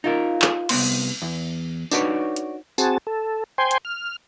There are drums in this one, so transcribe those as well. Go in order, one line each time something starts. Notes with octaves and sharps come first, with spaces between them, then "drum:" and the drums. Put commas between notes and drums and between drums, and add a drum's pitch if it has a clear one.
D#4 F4 A#4
drum: clap
C2 G2 B3 C6, drum: cymbal
E2
D4 D#4 F#4 B4 C#5 D5, drum: tambourine
drum: hi-hat
C4 F#4 G#4 A5, drum: tambourine
A4
C5 G5 G#5 C6
drum: hi-hat
F6